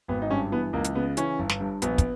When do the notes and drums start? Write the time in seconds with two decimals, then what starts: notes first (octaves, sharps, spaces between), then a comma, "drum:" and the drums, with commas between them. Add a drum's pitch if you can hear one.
0.08 G#1 B3
0.22 D#4
0.30 G2 C#4
0.52 E3 B3
0.73 C#2 A#3
0.84 drum: hi-hat
0.95 C#3 B3
1.17 E3 C#4, drum: hi-hat
1.39 G1
1.49 drum: snare
1.60 G2
1.82 A#1 B3, drum: hi-hat
1.98 drum: kick, hi-hat